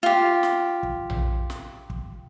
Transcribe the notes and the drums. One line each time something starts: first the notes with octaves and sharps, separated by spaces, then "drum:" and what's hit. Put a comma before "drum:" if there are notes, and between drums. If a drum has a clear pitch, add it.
F4 G4
drum: snare
drum: kick
drum: tom A#1
drum: snare
drum: kick